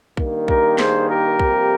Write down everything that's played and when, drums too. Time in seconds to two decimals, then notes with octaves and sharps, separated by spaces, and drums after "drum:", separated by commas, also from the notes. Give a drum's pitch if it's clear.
0.17 G2 D#3 A#3, drum: kick B1
0.48 G4 A#4, drum: kick B1
0.78 G#4 C5, drum: snare
1.09 G4 A#4
1.39 F2 C3 G3 A#3, drum: kick B1